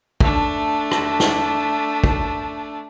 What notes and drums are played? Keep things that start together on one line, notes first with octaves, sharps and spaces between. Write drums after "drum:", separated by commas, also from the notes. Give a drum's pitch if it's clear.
A3 D4, drum: kick
drum: rim click
drum: snare
drum: kick